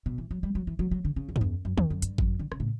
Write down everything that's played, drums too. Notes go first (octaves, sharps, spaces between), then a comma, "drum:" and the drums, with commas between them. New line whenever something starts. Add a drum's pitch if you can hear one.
B2
E3
F#3
G3
F#3
E3
F#3
F#3
D3
C#3
E2
F#2, drum: tom
E2
F#2
E2, drum: tom D3
F#2
G2, drum: hi-hat
F#2, drum: kick G#1
D3
C#3, drum: rim click
A2